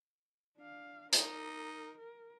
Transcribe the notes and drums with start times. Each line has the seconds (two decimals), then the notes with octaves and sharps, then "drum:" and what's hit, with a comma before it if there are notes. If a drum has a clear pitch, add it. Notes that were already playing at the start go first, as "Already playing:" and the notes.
0.57 D4 F5
1.12 D#4 A#4, drum: hi-hat
1.98 A#4